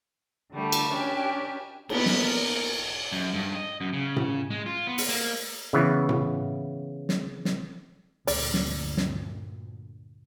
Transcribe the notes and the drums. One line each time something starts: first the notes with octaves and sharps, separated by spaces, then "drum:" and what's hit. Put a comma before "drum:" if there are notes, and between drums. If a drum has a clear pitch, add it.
D3 G3 A3
drum: cymbal
C#4 D4 G4
A#3 B3 B4, drum: cymbal
drum: snare
A#4
F#2
G2
D#5
F#2
C#3
drum: tom A2
G#3
F4
B3
drum: open hi-hat
A#3
C#3 E3 B3
drum: tom A2
drum: snare
drum: snare
D2 G2 A#2 D5, drum: open hi-hat
drum: snare
drum: snare